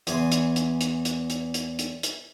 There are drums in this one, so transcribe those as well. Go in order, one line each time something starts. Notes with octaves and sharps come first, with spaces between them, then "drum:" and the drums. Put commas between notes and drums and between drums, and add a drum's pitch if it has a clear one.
E2 G#5 C6, drum: hi-hat
drum: hi-hat
drum: hi-hat
drum: hi-hat
drum: hi-hat
drum: hi-hat
drum: hi-hat
drum: hi-hat
drum: hi-hat